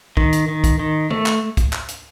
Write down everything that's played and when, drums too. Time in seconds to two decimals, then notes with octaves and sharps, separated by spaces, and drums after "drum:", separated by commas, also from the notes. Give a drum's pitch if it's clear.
0.17 D#3, drum: kick
0.33 drum: hi-hat
0.48 D#3
0.64 drum: kick, hi-hat
0.79 D#3
1.11 A3, drum: tom
1.26 drum: clap
1.57 drum: kick, hi-hat
1.73 drum: clap
1.88 drum: hi-hat